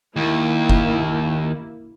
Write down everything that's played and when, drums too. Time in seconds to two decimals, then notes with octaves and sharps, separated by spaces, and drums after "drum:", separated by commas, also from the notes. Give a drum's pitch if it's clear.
0.16 D#2 A#3 E4
0.69 drum: kick G1